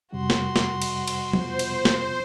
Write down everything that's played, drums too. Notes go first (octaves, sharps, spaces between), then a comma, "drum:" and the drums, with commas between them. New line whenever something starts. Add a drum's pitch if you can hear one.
F2 C3 G3 F#4 C6
drum: snare
drum: snare
drum: cymbal
drum: cymbal
B2 F3 C5, drum: tom
drum: cymbal
drum: snare